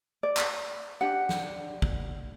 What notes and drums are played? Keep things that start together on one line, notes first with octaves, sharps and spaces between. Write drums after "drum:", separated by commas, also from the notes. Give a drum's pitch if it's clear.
D5
drum: clap
D4 G4 F#5
drum: snare
drum: kick